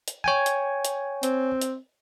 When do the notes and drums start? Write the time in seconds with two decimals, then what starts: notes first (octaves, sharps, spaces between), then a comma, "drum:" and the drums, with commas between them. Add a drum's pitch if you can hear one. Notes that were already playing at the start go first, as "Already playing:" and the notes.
0.08 drum: hi-hat
0.24 C#5 G5 G#5
0.46 drum: hi-hat
0.85 drum: hi-hat
1.23 C4, drum: hi-hat
1.62 drum: hi-hat